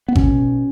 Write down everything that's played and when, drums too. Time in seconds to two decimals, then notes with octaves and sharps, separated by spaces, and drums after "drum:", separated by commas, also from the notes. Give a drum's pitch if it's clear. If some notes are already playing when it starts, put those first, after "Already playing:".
0.08 B3
0.15 B2 C#4, drum: kick G#1
0.37 B1